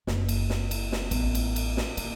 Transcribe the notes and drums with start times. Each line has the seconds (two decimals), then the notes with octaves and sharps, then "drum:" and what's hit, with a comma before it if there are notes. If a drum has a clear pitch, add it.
0.07 F#1, drum: snare
0.29 drum: cymbal
0.50 drum: snare
0.71 drum: cymbal
0.92 drum: snare
1.11 A1 B3, drum: cymbal
1.35 drum: cymbal
1.56 drum: cymbal
1.77 drum: snare
1.97 A#3, drum: cymbal